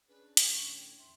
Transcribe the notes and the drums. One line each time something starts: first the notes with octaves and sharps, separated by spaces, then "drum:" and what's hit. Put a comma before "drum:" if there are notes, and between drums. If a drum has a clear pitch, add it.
C#4 D4 G#4 B4
A2 D3 C#4 A4, drum: hi-hat
F4 C#6
C#5 G5
E2 E5 G5 C6